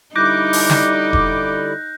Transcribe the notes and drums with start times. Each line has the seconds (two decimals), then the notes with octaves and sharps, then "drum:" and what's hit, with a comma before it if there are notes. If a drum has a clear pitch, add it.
0.15 D3 G3 D#4 E4 D6 F#6 G6 A#6
0.53 drum: open hi-hat
0.70 drum: snare
1.13 drum: kick E1